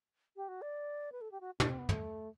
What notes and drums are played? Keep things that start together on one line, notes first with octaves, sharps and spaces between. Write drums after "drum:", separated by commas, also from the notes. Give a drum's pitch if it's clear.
G4
F#4
D5
B4
A4
G4
F#4
D4, drum: tom
C4
B3
A3, drum: tom